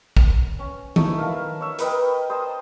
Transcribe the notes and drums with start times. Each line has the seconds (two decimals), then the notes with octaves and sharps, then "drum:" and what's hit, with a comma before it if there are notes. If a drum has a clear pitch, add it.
0.17 drum: kick
0.59 C#4
0.96 A3 D#4 E4, drum: tom D#3
1.18 A#4 F5 A5
1.61 C#5 E5
1.79 A#4 B4 D#5 G5, drum: hi-hat
2.30 C5 D#5 A5 D#6